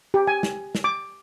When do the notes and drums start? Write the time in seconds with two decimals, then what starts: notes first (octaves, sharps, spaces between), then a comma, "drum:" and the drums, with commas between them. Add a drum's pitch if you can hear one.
0.14 G4
0.27 G#5
0.43 drum: snare
0.75 drum: snare
0.84 D6